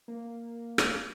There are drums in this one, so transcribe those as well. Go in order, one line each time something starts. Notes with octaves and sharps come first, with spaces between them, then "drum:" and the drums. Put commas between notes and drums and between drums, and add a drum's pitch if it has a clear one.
A#3
drum: rim click